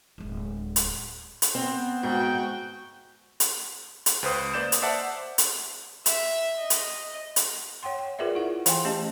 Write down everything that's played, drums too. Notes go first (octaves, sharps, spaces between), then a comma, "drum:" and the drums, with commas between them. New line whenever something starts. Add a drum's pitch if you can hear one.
D1 G#3
drum: hi-hat
drum: hi-hat
B3 C4
G#2 F#4 G5
drum: hi-hat
drum: hi-hat
C#2 B4 C5 D#6
A#3 D5 G6 E7
drum: hi-hat
C5 D5 E5 F#5 A5
drum: hi-hat
E5, drum: hi-hat
D#5
drum: hi-hat
drum: hi-hat
C#5 F#5 G5 C6
G5
F4 G#4 A#4 B4 D5 E5
E4 F#5
E3 F5 G5 G#5 C6, drum: hi-hat
A3 C#4 G4 D#5 A5